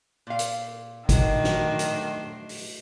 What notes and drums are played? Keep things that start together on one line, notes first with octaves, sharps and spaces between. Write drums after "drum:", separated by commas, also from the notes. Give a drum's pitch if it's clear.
A#2 F5
drum: hi-hat
D#3 F#3 A3 D4 C5, drum: kick, hi-hat
drum: snare
drum: hi-hat
drum: open hi-hat